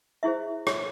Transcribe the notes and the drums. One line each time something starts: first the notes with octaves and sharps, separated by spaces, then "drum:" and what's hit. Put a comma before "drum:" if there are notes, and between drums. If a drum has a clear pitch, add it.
E4 G#4 C5 E5
C#5, drum: rim click